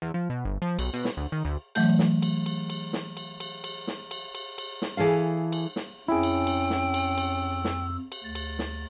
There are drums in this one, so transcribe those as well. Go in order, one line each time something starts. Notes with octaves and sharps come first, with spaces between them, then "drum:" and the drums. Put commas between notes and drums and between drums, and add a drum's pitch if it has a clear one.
E2
F3
B2
G1
F3
B1, drum: cymbal
B2
drum: snare
D2
D#3
D2
E3 F#3 A3 G6, drum: cymbal
drum: snare
drum: cymbal
drum: cymbal
drum: cymbal
drum: snare
drum: cymbal
drum: cymbal
drum: cymbal
drum: snare
drum: cymbal
drum: cymbal
drum: cymbal
drum: snare
E3 G#4 A4 F5
drum: cymbal
drum: snare
F2 C#4 E4 G#4 G5 E6
drum: cymbal
drum: cymbal
drum: snare
drum: cymbal
drum: cymbal
drum: snare
drum: cymbal
D2 A6
drum: cymbal
drum: snare